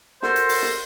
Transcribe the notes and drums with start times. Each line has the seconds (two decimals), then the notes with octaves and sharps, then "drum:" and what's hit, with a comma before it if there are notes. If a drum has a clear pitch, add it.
0.23 F#4 A4 A#4 C5, drum: snare
0.36 drum: hi-hat
0.49 drum: open hi-hat
0.62 drum: snare